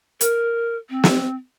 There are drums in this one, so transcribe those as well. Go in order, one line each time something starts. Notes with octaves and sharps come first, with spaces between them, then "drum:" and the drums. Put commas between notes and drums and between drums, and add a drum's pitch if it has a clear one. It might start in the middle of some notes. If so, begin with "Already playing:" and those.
A#4, drum: hi-hat
C4
drum: snare